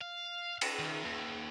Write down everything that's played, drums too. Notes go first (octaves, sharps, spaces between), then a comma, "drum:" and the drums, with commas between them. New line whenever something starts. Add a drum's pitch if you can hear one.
F5
drum: cymbal
D#3
D#2